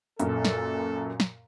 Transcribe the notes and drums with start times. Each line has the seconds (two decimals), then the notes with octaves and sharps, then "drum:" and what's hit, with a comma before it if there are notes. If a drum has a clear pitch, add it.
0.20 F#2 A#2 A4, drum: hi-hat
0.45 drum: snare
1.20 drum: snare